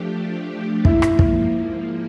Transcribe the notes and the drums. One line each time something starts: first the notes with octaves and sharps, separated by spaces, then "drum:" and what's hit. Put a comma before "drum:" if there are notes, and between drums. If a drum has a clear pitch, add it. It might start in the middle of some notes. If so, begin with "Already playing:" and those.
Already playing: F3 A3 D4 G4
G#2 F3 A#3 E4, drum: kick
drum: rim click
drum: kick